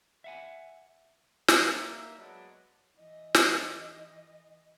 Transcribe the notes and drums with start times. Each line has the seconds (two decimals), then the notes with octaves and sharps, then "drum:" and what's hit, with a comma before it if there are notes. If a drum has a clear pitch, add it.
0.24 E5 F#5 G#5
1.48 drum: snare
1.64 A#3 E5
2.17 F#3 G#3 B3 D4
2.98 E3 D#5
3.35 drum: snare